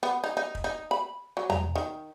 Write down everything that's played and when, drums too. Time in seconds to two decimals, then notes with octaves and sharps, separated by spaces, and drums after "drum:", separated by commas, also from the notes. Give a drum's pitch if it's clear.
0.03 B3
0.24 D#4
0.37 D#4
0.55 drum: kick
0.64 D#4
0.91 B5
1.37 F#3
1.50 A#5, drum: tom E2
1.75 D#3